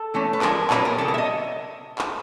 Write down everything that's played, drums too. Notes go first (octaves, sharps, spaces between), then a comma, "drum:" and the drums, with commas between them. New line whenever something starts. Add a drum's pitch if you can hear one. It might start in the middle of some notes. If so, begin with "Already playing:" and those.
Already playing: A4
E3 A3 C#4
B4
D3 F3 G#3 A#4, drum: clap
A#2 F#3 A#3 C#4 B4, drum: clap
A#4
C#3 E3 G3 A4
A#4
E5
D#5
drum: clap